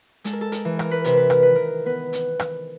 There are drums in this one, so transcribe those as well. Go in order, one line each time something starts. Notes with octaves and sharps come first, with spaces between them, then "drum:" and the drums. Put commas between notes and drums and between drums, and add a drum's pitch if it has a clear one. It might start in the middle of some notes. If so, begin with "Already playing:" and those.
G#3 A4, drum: hi-hat
A#4
A4
A#4, drum: hi-hat
E3
A#4, drum: rim click
B4
C3 A#4, drum: hi-hat
B4
A#4, drum: rim click
D#3 B4
A#4
B3 B4
drum: hi-hat
drum: rim click